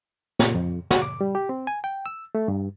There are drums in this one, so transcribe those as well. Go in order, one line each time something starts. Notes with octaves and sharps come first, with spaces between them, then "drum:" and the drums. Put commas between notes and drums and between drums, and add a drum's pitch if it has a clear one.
A#2, drum: snare
F2
F#4, drum: snare
D6
G3
G4
C4
G#5
G5
E6
A3
G2